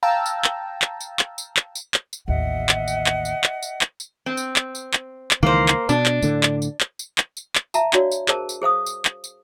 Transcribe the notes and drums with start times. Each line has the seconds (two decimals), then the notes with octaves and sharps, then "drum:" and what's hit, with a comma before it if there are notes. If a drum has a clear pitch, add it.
0.03 F5 G5 A5 A#5 E6
0.26 drum: tambourine
0.44 drum: clap
0.82 drum: clap
1.01 drum: tambourine
1.19 drum: clap
1.38 drum: tambourine
1.57 drum: clap
1.75 drum: tambourine
1.94 drum: clap
2.13 drum: tambourine
2.28 A1 D#2 D#5 E5 F#5
2.69 drum: clap
2.88 drum: tambourine
3.06 drum: clap
3.25 drum: tambourine
3.44 drum: clap
3.62 drum: tambourine
3.81 drum: clap
4.00 drum: tambourine
4.26 C4
4.37 drum: tambourine
4.56 drum: clap
4.75 drum: tambourine
4.93 drum: clap
5.31 drum: clap
5.43 C#2 D#3 E3 A#3 C5
5.68 drum: clap
5.89 B2 D4, drum: tambourine
6.06 drum: clap
6.22 A2 D3, drum: tambourine
6.43 drum: clap
6.62 drum: tambourine
6.81 drum: clap
6.99 drum: tambourine
7.18 drum: clap
7.37 drum: tambourine
7.55 drum: clap
7.74 E5 F5 A5 A#5, drum: tambourine
7.93 D4 F#4 C#5 D5 F5, drum: clap
8.12 drum: tambourine
8.28 G#4 A#4 C5 A5, drum: clap
8.49 drum: tambourine
8.62 G#4 C5 F5 D#6
8.86 drum: tambourine
9.05 drum: clap
9.24 drum: tambourine